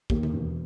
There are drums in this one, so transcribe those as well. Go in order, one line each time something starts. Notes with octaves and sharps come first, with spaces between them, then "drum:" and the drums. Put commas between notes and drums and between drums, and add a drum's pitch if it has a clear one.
D#2, drum: kick
drum: tom D3
E1